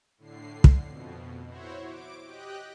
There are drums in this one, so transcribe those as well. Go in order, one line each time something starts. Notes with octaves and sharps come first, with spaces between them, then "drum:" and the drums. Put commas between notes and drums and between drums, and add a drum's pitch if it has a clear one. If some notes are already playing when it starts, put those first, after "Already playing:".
A2 D3 C7
drum: kick
F2 B2
E4 F#4 C5 C#5
D6 D7
G4 D#5 G5 F#6